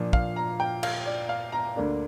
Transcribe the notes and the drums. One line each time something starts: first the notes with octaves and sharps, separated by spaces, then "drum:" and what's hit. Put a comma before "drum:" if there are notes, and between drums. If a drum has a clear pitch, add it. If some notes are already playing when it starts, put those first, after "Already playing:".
Already playing: A#2 F3 A#3 D4
F5, drum: kick
A#5
G5
F5, drum: cymbal
D5
F5
A#5
D2 D3 A#3 D4